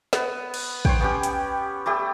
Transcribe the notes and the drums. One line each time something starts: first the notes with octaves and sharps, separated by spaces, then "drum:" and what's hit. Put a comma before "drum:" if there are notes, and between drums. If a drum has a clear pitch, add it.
B3, drum: snare
drum: cymbal
C5 C#5 G5, drum: kick
B3 C#4 G4
drum: hi-hat
G3 A3 G4